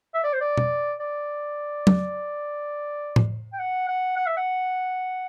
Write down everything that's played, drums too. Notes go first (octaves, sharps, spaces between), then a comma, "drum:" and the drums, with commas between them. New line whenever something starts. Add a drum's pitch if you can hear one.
E5
D5
C5
D5
drum: tom
D5
drum: tom F#3
drum: tom A2
G5
F#5
F#5
F#5
E5
F#5